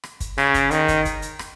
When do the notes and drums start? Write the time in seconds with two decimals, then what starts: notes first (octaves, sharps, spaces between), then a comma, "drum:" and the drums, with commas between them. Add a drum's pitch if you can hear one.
0.03 drum: rim click
0.20 drum: kick, hi-hat
0.38 C#3, drum: rim click
0.54 drum: kick, hi-hat
0.71 D#3, drum: hi-hat
0.88 drum: kick, hi-hat
1.05 drum: kick, hi-hat
1.22 drum: hi-hat
1.39 drum: rim click